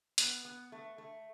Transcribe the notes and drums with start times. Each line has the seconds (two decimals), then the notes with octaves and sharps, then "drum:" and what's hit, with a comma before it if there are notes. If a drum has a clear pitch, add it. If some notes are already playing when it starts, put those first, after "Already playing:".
0.18 B3, drum: hi-hat
0.45 B3
0.72 A3
0.98 A3